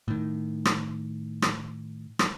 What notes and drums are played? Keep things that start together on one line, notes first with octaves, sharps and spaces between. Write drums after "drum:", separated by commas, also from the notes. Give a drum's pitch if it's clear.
A2 D#3
drum: rim click
drum: rim click
drum: rim click